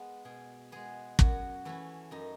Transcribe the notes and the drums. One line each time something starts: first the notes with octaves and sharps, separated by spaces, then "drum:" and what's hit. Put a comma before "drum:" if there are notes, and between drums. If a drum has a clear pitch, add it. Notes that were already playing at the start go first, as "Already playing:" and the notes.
Already playing: G#3 B3
B2 G#4
G#3 B3 G#4
F#2 F#4, drum: kick
E3 A3 C#4 E4
F#2 D#4